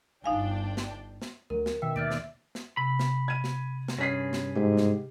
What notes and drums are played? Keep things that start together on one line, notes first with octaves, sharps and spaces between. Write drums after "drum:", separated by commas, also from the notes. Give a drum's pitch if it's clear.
G1 D4 D#4 F5 G5 G#5
drum: snare
drum: snare
D2 F#3 A#4
drum: snare
B2 D#3 E5 G5 E6
D#2 D5 F6 G6 D7
drum: snare
drum: snare
C3 B5
drum: snare
G#6 D#7
drum: snare
drum: snare
G2 C#4 G#4 B6 C7
drum: snare
G#2 G4
drum: snare